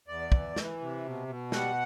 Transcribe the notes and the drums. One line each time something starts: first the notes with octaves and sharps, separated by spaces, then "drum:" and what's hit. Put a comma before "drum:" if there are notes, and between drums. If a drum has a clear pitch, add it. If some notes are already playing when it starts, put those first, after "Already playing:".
E2 D5
E3, drum: kick
E3, drum: snare
C3
B2
B2
G3 F#5, drum: snare